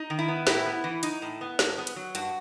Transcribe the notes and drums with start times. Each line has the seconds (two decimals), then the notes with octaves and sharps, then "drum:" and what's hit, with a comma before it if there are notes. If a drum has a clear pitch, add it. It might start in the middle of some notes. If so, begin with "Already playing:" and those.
Already playing: D#4
0.10 D#3
0.19 E4
0.28 B3
0.47 A2 E4, drum: snare
0.66 B3
0.84 E3
1.03 D#4, drum: hi-hat
1.22 A2
1.41 B3
1.59 G2, drum: snare
1.78 B3
1.87 drum: hi-hat
1.96 F#3
2.15 G2 F#4, drum: hi-hat